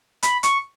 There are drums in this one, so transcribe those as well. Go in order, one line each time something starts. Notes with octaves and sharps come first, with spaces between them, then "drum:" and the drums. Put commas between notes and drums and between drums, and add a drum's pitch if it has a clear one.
B5, drum: hi-hat
C#6, drum: hi-hat